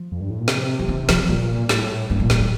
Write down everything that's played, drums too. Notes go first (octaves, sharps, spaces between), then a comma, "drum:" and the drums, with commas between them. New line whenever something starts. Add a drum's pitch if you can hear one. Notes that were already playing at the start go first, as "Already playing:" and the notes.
Already playing: F3
F2
G2
A2
A#2
C3, drum: snare
F3
D#3
F3, drum: snare
A#2 G3
A2, drum: snare
G2 A3
G3
A#2
A3, drum: snare
A2 G3